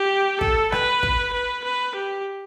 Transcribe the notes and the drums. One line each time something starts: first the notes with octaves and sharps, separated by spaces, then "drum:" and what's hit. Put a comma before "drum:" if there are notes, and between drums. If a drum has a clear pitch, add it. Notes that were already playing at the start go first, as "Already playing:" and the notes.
Already playing: G4
A4, drum: kick
B4, drum: rim click
drum: kick
B4
B4
G4